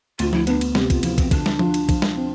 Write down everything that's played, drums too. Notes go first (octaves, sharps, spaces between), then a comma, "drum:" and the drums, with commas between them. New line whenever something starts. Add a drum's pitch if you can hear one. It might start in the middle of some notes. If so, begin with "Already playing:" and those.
D2 F4, drum: cymbal
E4, drum: tom F3
B3 D4, drum: cymbal
drum: cymbal
C3 G4, drum: snare
F4, drum: kick, cymbal
F3 E4, drum: cymbal
C4, drum: kick, cymbal
D3 D4, drum: kick, cymbal
drum: snare
F4, drum: tom F3
drum: cymbal
F3, drum: kick, cymbal
drum: snare
C4